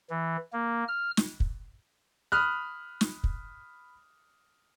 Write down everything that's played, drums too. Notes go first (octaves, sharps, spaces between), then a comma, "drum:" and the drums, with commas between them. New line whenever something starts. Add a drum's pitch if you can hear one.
E3
A#3
F6
drum: snare
drum: kick
B5 D#6 F6 F#6
drum: snare
drum: kick